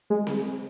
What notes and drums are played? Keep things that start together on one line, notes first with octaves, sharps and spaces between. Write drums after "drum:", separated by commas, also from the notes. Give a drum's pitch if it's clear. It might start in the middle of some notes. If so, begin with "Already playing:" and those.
G#3
drum: snare C4